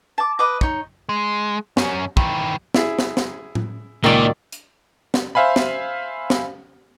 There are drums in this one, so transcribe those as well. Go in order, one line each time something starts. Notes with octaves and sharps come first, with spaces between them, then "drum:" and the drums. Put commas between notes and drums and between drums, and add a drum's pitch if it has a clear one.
A5 D6
B4 D#5 D6
D#4 C#5, drum: kick
G#3
F#2 C#4, drum: snare
D#3 E3, drum: kick
E4 G#4, drum: snare
drum: snare
drum: snare
drum: tom A2
C#2 A#2 D#3 D5
drum: hi-hat
drum: snare
C5 E5 F5 G#5 B5
drum: snare
drum: snare